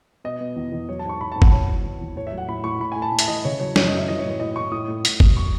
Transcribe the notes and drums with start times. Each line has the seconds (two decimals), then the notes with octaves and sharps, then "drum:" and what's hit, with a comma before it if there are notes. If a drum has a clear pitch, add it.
0.24 B2 D#5
0.41 B2
0.56 E2
0.72 E2
0.89 F#3 C#5
0.99 A5
1.05 G#2 C#6
1.21 G#2 B5
1.32 G#2 A5
1.42 F#5, drum: kick G1
1.52 F#3 C#5
1.68 E2
1.84 E2
2.01 E2
2.16 A2 C#5
2.27 E5
2.32 F#3
2.38 F#5
2.48 A2 B5
2.64 A2 C#6
2.80 A2 B5
2.92 A2 G#5
3.02 A5
3.12 A2
3.19 E5, drum: hi-hat
3.28 E3 D#5
3.45 C#3 C#5
3.60 F#3 C#5
3.76 F#2 C#5, drum: snare
3.88 F#3 D#5
3.98 E5
4.08 E3 D#5
4.19 C#5
4.24 A2
4.30 C#5
4.40 A2 D#5
4.56 A2 C#6
4.72 A2 D#6
4.88 A2
5.05 A2, drum: hi-hat
5.20 F#3, drum: kick G1
5.37 C#6